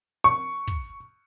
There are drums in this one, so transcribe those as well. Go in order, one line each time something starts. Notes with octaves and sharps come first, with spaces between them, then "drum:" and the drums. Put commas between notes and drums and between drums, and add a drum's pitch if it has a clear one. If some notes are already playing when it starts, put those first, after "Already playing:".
C#6, drum: hi-hat
drum: kick